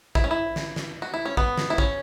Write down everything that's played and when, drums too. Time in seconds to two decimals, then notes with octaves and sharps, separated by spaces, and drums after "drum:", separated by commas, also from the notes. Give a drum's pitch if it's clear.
0.15 E4, drum: kick
0.24 C#4
0.31 E4
0.56 drum: snare
0.76 drum: snare
1.02 F#4
1.14 E4
1.26 C#4
1.37 B3, drum: kick
1.58 drum: snare
1.70 E4
1.78 C#4, drum: kick